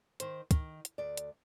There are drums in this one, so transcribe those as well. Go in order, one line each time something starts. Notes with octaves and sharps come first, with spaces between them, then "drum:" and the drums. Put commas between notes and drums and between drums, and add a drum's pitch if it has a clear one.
D#3 C5, drum: hi-hat
D#3, drum: kick, hi-hat
drum: hi-hat
D2 D5
drum: hi-hat